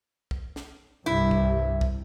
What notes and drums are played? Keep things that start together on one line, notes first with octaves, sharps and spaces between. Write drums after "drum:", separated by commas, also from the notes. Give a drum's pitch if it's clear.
drum: kick
drum: snare
C2 G2 C3 E4
drum: kick
drum: kick